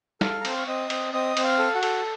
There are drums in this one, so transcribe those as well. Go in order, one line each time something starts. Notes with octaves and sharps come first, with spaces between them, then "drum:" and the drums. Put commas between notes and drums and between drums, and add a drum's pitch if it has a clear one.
A4 F5 F6, drum: snare
A#5
C4 C6, drum: cymbal
C#6
C4 D#5 D#6
C4, drum: cymbal
C4 D#5 D#6
C4, drum: cymbal
F5 F6
A4
F#4 F#5
A4, drum: cymbal